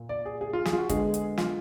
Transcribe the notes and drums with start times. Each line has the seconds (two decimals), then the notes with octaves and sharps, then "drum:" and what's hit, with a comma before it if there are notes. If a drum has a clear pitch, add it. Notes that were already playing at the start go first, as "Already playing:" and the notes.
Already playing: A#2
0.09 D5
0.26 G#4
0.41 G#4
0.53 F4
0.65 G#4, drum: snare
0.73 F4
0.78 F#4
0.89 D3 G#3 B3 G#4, drum: kick, hi-hat
1.14 drum: hi-hat
1.38 F4, drum: snare